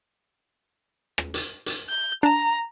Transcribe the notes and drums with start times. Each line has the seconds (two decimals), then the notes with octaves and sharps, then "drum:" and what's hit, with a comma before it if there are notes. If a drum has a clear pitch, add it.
1.18 drum: rim click
1.34 drum: hi-hat
1.66 drum: hi-hat
1.89 G6
2.23 D4 A5 A#5